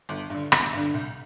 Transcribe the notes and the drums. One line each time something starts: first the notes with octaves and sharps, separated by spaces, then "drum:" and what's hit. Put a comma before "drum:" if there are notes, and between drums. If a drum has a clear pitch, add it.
G1
G2 D3
G1, drum: rim click
G2 D3
C2